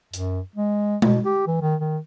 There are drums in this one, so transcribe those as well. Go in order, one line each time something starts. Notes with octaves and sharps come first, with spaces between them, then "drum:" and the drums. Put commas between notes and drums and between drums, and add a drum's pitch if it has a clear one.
F#2, drum: hi-hat
G#3
B2, drum: tom G#3
G4
E3
D#3
D#3